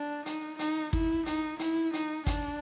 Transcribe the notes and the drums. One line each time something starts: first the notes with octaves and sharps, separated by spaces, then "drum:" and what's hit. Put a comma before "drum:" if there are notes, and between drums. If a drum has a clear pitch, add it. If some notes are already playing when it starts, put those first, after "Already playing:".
Already playing: D4
D#4, drum: hi-hat
D#4, drum: hi-hat
E4, drum: kick
D#4, drum: hi-hat
E4, drum: hi-hat
D#4, drum: hi-hat
D4, drum: kick, hi-hat